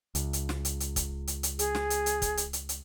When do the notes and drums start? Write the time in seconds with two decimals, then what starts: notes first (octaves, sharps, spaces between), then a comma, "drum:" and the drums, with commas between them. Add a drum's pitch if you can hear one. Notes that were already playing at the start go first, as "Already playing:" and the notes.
0.15 C#2, drum: hi-hat
0.33 drum: hi-hat
0.49 drum: snare
0.65 drum: hi-hat
0.80 drum: hi-hat
0.96 drum: kick, hi-hat
1.27 drum: hi-hat
1.43 drum: hi-hat
1.59 G#4, drum: hi-hat
1.75 drum: snare
1.90 drum: hi-hat
2.06 drum: hi-hat
2.22 drum: kick, hi-hat
2.37 drum: hi-hat
2.53 drum: hi-hat
2.69 drum: hi-hat